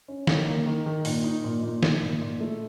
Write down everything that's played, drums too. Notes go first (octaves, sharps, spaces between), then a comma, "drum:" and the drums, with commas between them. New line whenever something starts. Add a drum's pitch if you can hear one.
C#4
D#3, drum: snare
A#3
D#3
D#3
A#2, drum: open hi-hat
D#4
A#2
A#2
D#4, drum: snare
A#2
A#2
A3